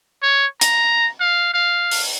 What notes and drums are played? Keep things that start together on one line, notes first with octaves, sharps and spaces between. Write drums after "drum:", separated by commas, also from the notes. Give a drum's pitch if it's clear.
C#5
A#5, drum: hi-hat
F5
F5
drum: open hi-hat